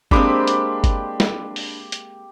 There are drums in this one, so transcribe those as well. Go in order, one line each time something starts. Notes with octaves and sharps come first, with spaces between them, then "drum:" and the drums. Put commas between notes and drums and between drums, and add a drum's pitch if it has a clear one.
G#3 A#3 C4 D4 G4 B5 D6, drum: kick G1
drum: hi-hat
drum: kick G1, hi-hat
drum: snare
drum: open hi-hat
drum: hi-hat